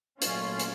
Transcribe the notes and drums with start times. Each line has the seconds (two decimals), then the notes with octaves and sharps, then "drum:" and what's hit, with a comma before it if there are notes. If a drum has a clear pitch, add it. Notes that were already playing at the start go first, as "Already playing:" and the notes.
0.22 A#2 F#3 A3 C#4 F4, drum: hi-hat
0.59 drum: hi-hat